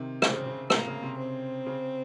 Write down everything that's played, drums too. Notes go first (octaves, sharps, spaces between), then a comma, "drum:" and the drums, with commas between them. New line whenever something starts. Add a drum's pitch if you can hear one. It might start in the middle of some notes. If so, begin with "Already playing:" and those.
Already playing: C3 D#3
C#3 C4, drum: rim click
C#3
C#3
C3 A#3, drum: rim click
C#3
C3
C4
C#3